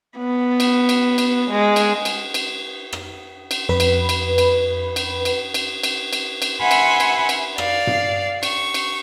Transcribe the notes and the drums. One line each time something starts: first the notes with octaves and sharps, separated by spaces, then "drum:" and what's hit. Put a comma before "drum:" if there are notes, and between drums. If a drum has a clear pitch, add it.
B3
drum: cymbal
drum: cymbal
drum: cymbal
G#3
drum: cymbal
drum: cymbal
drum: cymbal
drum: rim click
drum: cymbal
F2 B4 B5
drum: cymbal
drum: cymbal
drum: cymbal
drum: cymbal
drum: cymbal
drum: cymbal
drum: cymbal
drum: cymbal
drum: cymbal
E5 F#5 G#5 B5 C6
drum: cymbal
drum: cymbal
drum: cymbal
D5 F5, drum: rim click
drum: tom G2
C#6, drum: cymbal
drum: cymbal